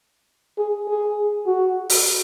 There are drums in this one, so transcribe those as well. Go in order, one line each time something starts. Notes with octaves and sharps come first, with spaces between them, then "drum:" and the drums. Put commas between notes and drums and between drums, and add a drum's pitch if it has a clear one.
G#4
G#4
F#4
drum: open hi-hat